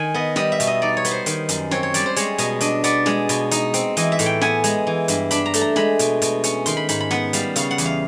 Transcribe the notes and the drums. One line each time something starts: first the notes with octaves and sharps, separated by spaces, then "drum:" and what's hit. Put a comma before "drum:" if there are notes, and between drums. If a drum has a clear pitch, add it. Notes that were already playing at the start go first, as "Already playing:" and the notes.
Already playing: D#3 G#5
B3 D#5
G3 D#5, drum: snare
E5
B2, drum: hi-hat
D#5
D#4 D5
C#5
B3, drum: hi-hat
C5
D#3, drum: hi-hat
F#2, drum: hi-hat
C4 C#5, drum: snare
C#5
G3 D5, drum: hi-hat
C5
G#3 C#5, drum: hi-hat
B2 D#5, drum: hi-hat
D4 D#5, drum: hi-hat
B3 D5, drum: hi-hat
G#3, drum: snare
B2, drum: hi-hat
D#4, drum: hi-hat
C4, drum: hi-hat
E3 D#5, drum: hi-hat
E5
A2, drum: hi-hat
G5
B3 G#5, drum: snare
G#3, drum: hi-hat
E3
G2, drum: hi-hat
D4 B5, drum: hi-hat
A#5
A3, drum: hi-hat
A#5
G#3 B5, drum: snare
B2, drum: hi-hat
B2, drum: hi-hat
C#4, drum: hi-hat
D#3 C6, drum: hi-hat
B5
G#2 B5, drum: hi-hat
B5
B3 F#5, drum: snare
G3 F5, drum: hi-hat
C#3 F5, drum: hi-hat
F#5
E2, drum: hi-hat
F5